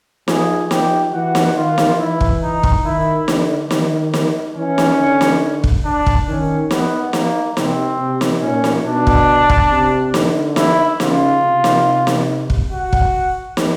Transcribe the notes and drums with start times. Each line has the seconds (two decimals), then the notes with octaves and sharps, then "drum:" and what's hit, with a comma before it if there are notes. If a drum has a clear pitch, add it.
0.28 F3 G#4, drum: snare
0.71 F3 G4, drum: snare
1.13 E3 F#4
1.35 drum: snare
1.56 D#3 F4
1.78 drum: snare
1.99 E3 E4
2.21 drum: kick
2.42 D#4
2.63 drum: kick
2.84 D#3 E4
3.28 D3, drum: snare
3.71 D#3, drum: snare
4.14 drum: snare
4.56 E3 C#4
4.78 drum: snare
4.99 D3
5.21 drum: snare
5.64 drum: kick
5.85 D4
6.06 drum: kick
6.28 D#3 C#4
6.71 B3, drum: snare
7.13 A#3, drum: snare
7.57 C3 C4, drum: snare
7.99 C3
8.21 drum: snare
8.42 A#2 C#4
8.64 drum: snare
8.85 B2 D4
9.07 drum: kick
9.50 drum: kick
9.71 C3
10.14 D3, drum: snare
10.56 E4, drum: snare
11.00 C#3 F4, drum: snare
11.43 C3
11.64 drum: snare
12.07 drum: snare
12.50 drum: kick
12.71 F#4
12.93 drum: kick
13.57 drum: snare